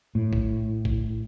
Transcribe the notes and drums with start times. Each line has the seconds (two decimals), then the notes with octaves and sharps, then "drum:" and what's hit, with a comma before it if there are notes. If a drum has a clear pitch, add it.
0.15 A2
0.33 drum: kick
0.85 drum: kick